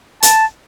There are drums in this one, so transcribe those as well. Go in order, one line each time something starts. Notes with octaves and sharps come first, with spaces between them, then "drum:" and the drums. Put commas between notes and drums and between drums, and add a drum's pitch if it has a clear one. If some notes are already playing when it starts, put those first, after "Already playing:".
A5, drum: hi-hat